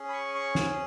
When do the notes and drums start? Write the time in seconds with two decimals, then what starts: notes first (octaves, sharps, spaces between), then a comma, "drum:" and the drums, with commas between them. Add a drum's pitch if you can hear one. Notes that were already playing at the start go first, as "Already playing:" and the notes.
Already playing: C#4 G#4
0.09 B5
0.13 C#6
0.35 C#6
0.55 drum: snare